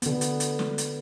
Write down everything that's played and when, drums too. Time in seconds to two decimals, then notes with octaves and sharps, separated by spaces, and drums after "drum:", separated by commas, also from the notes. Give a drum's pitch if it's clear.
0.02 D3 B3, drum: hi-hat
0.21 drum: hi-hat
0.40 drum: hi-hat
0.59 drum: snare
0.78 drum: hi-hat